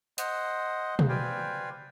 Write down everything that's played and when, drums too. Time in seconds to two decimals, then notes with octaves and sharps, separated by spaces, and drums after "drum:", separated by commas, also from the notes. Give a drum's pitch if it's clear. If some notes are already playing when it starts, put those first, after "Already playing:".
0.18 C5 D#5 F#5, drum: hi-hat
0.99 drum: tom B2
1.09 B4 C5 D5 F5 G5 G#5